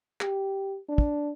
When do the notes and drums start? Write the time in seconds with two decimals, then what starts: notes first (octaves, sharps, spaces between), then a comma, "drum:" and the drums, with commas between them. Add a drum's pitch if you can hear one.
0.21 G4, drum: clap
0.89 D4
0.98 drum: kick